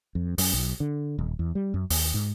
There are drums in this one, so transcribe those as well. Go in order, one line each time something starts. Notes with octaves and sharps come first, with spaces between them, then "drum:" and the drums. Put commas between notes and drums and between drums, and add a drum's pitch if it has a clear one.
F2
F#2, drum: open hi-hat
B1
D3
D#1
E2
G3
F#2
D#2, drum: open hi-hat
G#2